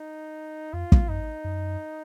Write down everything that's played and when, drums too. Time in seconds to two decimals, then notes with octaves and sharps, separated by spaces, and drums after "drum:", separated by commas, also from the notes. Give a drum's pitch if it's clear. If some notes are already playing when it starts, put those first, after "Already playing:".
Already playing: D#4
0.73 F2 F4
0.92 drum: kick
1.09 F#2 D#4
1.44 F#2